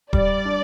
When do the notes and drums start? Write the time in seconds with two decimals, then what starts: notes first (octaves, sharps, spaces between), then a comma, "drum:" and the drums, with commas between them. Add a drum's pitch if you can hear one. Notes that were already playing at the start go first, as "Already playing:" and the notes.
0.13 G3 D5, drum: kick D#1
0.45 D4